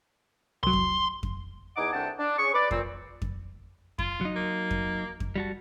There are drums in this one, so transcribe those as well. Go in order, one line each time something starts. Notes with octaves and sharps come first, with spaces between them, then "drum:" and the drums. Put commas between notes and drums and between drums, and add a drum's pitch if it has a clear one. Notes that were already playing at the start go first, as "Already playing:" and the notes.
C2 F#3 C6
drum: kick F2
drum: kick F2
E2 D#4 D#5 F#5 G#5 D6
C2 A3 D4 F#5 G5 A5
D4
C#4 G#4 C#6
B4 D5
A#2 C4, drum: kick F2
drum: kick F2
F4, drum: kick F2
F#3 D#4
A#3
drum: kick F2
drum: kick F2
G3 F#4 A5